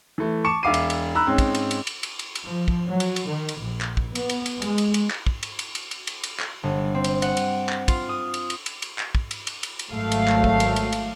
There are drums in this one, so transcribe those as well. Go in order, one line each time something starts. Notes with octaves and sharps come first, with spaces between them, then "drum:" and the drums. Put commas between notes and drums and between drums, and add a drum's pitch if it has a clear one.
E3 A3
A5 C#6 D6 C#7 E7
E1 E5 F5 D6 C7 D#7
drum: cymbal
drum: cymbal
A#5 B5 E6 F#6
G#2 C4 C#4
drum: kick, cymbal
drum: cymbal
drum: cymbal
drum: cymbal
drum: cymbal
drum: cymbal
drum: cymbal
F3
drum: kick
F#3
drum: cymbal
drum: cymbal
D#3
drum: cymbal
A#1
drum: clap
drum: kick
B3, drum: cymbal
drum: cymbal
drum: cymbal
G#3, drum: cymbal
drum: cymbal
drum: cymbal
drum: clap
drum: kick
drum: cymbal
drum: cymbal
drum: cymbal
drum: cymbal
drum: cymbal
drum: cymbal
drum: clap
G1
C4
drum: cymbal
F#5, drum: cymbal
drum: cymbal
drum: clap
F4, drum: kick, cymbal
D#6
drum: cymbal
drum: cymbal
drum: cymbal
drum: cymbal
drum: clap
drum: kick
drum: cymbal
drum: cymbal
drum: cymbal
drum: cymbal
G#1 F#3 A3 F5
drum: cymbal
drum: clap
drum: kick
drum: cymbal
drum: cymbal
drum: cymbal